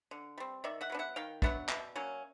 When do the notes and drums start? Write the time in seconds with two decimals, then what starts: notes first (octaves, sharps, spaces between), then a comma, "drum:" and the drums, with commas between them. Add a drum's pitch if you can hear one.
0.11 D3
0.38 G3 C4
0.64 D#3 D5 E5
0.81 E5 F#5
0.90 F#3 B3 D4
0.99 E5 F#5
1.16 D#3 F5 G5
1.42 F#3 B3 D4 E5 F#5, drum: kick
1.69 B2 D5 E5, drum: clap
1.96 F#3 A#3 C#4